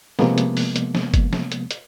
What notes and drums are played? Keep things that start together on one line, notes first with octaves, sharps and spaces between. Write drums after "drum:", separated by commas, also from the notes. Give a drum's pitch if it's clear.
C3 F3 G#3 A#3 B3, drum: snare
drum: hi-hat
drum: open hi-hat
drum: hi-hat
drum: snare
drum: kick F#1, hi-hat
drum: snare
drum: hi-hat
drum: hi-hat